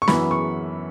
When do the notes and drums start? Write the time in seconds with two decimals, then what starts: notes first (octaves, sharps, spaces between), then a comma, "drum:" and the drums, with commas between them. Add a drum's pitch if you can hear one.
0.02 C#6
0.08 F#2 E3 B3 B5, drum: snare
0.31 C#6